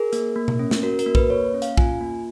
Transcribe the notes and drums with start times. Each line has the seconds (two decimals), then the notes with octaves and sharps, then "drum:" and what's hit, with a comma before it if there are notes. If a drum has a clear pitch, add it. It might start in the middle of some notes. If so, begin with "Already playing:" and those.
Already playing: G#4 A#4
0.13 A#3, drum: hi-hat
0.36 A#3
0.48 drum: tom B2
0.59 C#4
0.71 drum: snare
0.83 F#4 A#4
0.99 A#4, drum: hi-hat
1.06 A#3
1.15 B4, drum: kick B1
1.30 A#3 C#5
1.54 C#4
1.62 F5, drum: hi-hat
1.77 F4 G#5, drum: kick B1
2.01 A#3